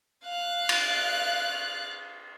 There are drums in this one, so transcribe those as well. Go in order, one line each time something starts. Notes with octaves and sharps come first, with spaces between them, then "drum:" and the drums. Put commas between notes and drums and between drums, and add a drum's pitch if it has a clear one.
F5 F#6
drum: cymbal